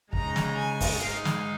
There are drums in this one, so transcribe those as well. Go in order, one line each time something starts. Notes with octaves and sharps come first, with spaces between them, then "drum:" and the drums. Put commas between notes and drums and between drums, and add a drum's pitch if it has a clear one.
C#3 G#3 D#4 A#5, drum: kick
drum: snare
G#5
drum: kick, open hi-hat
G#2 G#3 D#4 F5
drum: snare